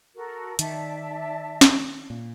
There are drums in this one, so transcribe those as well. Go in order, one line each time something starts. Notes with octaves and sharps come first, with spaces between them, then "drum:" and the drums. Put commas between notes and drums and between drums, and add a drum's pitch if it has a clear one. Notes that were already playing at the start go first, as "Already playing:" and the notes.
F#4 A4 A#4
D#3 D5 E5 A5, drum: hi-hat
drum: snare
A#2